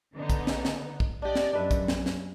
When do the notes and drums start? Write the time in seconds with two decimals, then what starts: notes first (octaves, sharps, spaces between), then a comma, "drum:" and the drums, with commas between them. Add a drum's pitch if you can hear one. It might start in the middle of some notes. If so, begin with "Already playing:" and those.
0.16 D3 B3 D#4
0.30 drum: kick, hi-hat
0.47 drum: snare
0.65 drum: snare
1.00 drum: kick
1.22 D4 G4 D5 D#5
1.35 drum: snare
1.53 F#2 D4 B4 E5
1.71 drum: kick, hi-hat
1.88 drum: snare
2.06 drum: snare